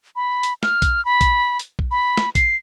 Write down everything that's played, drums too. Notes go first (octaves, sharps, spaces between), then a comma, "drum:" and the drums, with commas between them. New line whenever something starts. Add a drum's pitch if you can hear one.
B5
drum: hi-hat
F6, drum: snare
drum: kick A#1, hi-hat
B5
drum: kick A#1, hi-hat
drum: hi-hat
drum: kick A#1
B5
drum: snare
C7, drum: kick A#1, hi-hat